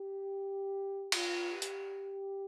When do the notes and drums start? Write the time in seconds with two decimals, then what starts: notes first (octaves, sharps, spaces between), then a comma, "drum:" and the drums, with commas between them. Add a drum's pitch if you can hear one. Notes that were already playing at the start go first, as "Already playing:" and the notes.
Already playing: G4
1.12 F4, drum: cymbal
1.51 G4
1.62 drum: hi-hat